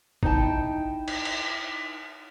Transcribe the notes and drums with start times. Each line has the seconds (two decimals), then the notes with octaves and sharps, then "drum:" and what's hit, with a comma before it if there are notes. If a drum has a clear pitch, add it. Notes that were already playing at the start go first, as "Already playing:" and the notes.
0.23 D#4 E4 G5 A5, drum: kick
1.08 drum: cymbal
1.25 drum: cymbal